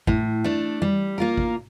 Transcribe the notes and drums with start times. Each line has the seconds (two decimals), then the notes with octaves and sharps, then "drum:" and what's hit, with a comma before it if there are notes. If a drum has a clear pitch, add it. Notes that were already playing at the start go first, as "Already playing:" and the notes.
0.07 A2, drum: kick
0.44 A3 D4
0.82 G3
1.18 A#3 F4 A#4
1.37 drum: kick